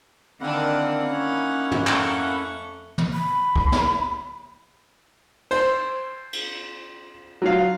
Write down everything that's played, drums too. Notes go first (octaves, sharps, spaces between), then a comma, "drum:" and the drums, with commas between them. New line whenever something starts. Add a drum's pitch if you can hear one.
D3 D#3 A#3 C4 D4 E4 F#5
C#4 D#4
drum: tom
F2 A3 C#6, drum: clap
drum: tom
B5
drum: kick
drum: snare
C5, drum: cymbal
drum: cymbal
F#3 F4 F5